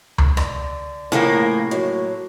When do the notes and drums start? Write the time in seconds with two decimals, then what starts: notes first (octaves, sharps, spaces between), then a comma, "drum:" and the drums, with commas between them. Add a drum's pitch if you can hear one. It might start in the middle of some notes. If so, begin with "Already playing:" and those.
0.18 drum: tom C#2
0.37 D3, drum: rim click
1.12 A2 C#3 F3 A3 A#3
1.71 F#3